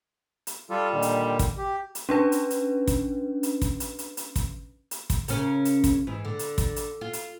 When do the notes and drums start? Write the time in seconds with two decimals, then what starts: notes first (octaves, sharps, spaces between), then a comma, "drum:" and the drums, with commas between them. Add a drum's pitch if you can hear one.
0.47 drum: hi-hat
0.70 G3 F4 A4
0.91 A#2 D3 D#3
1.02 drum: hi-hat
1.39 drum: kick, hi-hat
1.58 G4
1.95 drum: hi-hat
2.09 C#4 D4 B4
2.32 drum: hi-hat
2.50 drum: hi-hat
2.88 drum: kick, hi-hat
3.43 drum: hi-hat
3.62 drum: kick, hi-hat
3.80 drum: hi-hat
3.99 drum: hi-hat
4.17 drum: hi-hat
4.36 drum: kick, hi-hat
4.91 drum: hi-hat
5.10 drum: kick, hi-hat
5.28 C#3 C#4 A#4, drum: hi-hat
5.65 drum: hi-hat
5.84 drum: kick, hi-hat
6.07 G#2 E3
6.25 D3
6.39 drum: hi-hat
6.58 drum: kick, hi-hat
6.76 drum: hi-hat
7.01 F4
7.13 drum: hi-hat